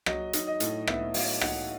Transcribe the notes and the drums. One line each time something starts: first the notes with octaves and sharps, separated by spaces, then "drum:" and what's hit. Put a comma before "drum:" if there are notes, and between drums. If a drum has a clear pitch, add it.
F#3 D#5, drum: rim click
D#4, drum: hi-hat
D#5
A2, drum: hi-hat
B3 E5, drum: rim click
F#3 F5, drum: open hi-hat
D#4 F#5, drum: rim click